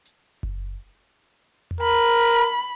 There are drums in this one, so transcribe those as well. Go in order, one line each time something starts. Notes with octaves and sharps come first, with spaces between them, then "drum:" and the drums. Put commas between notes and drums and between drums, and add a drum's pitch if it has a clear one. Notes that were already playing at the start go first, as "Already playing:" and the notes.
drum: hi-hat
drum: kick F#1
drum: tom E2
A#4 B5